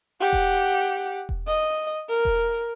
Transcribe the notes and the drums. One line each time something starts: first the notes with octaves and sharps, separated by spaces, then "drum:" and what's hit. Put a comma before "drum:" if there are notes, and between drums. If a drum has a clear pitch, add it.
G4 F#5
drum: kick E1
drum: kick E1
D#5
A#4
drum: kick E1